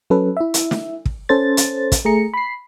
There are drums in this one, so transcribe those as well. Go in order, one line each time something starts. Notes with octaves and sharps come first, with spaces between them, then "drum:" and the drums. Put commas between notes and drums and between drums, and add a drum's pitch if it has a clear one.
F#3 C#4 A4 B4
E4 E5
drum: hi-hat
drum: snare
drum: kick
C#4 A4 C5 A6
drum: hi-hat
drum: kick, hi-hat
A3 G#4 A#5 C#7
B5 C7